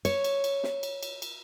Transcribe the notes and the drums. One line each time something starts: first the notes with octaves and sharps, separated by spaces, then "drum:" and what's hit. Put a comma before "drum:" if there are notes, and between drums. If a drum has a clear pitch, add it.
C#5, drum: cymbal
drum: cymbal
drum: cymbal
drum: snare
drum: cymbal
drum: cymbal
drum: cymbal